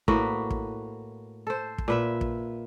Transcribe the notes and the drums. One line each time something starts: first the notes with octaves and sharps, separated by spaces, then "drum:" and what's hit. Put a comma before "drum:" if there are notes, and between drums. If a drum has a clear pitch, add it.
A2 A#3 F#4 B4, drum: kick
drum: kick
A4 C5
drum: kick
A#2 B4 E5
drum: kick